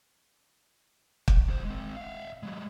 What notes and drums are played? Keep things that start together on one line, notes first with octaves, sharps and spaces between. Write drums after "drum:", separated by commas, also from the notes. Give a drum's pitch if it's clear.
drum: kick
D#2 C5
G#3 C4
E5 F5
F#3 G#3